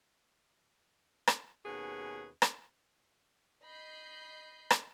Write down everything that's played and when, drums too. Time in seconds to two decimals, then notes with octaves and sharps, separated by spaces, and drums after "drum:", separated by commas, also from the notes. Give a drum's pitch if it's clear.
1.27 drum: rim click
1.66 D#2 B2 C#4 F#4 G#4 B4
2.42 drum: rim click
3.64 D#5 B5 G6 C7
4.70 drum: rim click